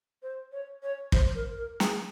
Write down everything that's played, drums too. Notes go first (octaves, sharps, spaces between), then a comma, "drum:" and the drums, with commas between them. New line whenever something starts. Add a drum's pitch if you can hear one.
C5
C#5
C#5
C5, drum: kick
A#4
A#4
G#4, drum: snare